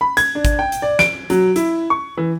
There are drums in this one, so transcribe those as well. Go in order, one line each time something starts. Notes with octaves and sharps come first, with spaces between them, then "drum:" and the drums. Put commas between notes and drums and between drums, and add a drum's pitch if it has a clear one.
B5
G#6, drum: hi-hat
D4
drum: kick G#1, hi-hat
G5
drum: hi-hat
D5
D7, drum: snare
F#3, drum: hi-hat
E4, drum: hi-hat
C#6
E3